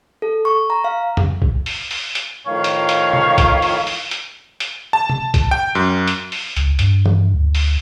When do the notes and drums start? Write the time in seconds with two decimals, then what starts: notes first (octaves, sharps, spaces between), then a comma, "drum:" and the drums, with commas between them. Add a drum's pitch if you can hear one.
0.22 A4
0.45 C#6
0.70 A#5
0.84 F5
1.17 drum: tom F2
1.42 drum: kick B1
1.66 drum: open hi-hat
1.91 drum: open hi-hat
2.15 drum: hi-hat
2.46 A2 D#3 F3 C#5 F5
2.64 drum: hi-hat
2.89 drum: hi-hat
3.13 drum: tom
3.38 drum: kick B1, hi-hat
3.62 drum: open hi-hat
3.87 drum: open hi-hat
4.11 drum: hi-hat
4.60 drum: hi-hat
4.93 A5
5.09 drum: tom
5.34 drum: kick B1, hi-hat
5.51 G5
5.75 F#2
6.07 drum: hi-hat
6.32 drum: open hi-hat
6.57 C#2, drum: hi-hat
6.79 G2, drum: hi-hat
7.06 drum: tom
7.34 D2
7.55 drum: open hi-hat